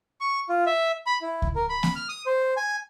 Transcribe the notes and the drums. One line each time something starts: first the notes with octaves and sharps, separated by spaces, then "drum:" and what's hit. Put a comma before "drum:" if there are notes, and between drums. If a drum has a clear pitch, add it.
C#6
F4
E5
B5
E4
drum: kick C#2
A#4
B5
drum: snare A#3
F6
D#6
C5
G#5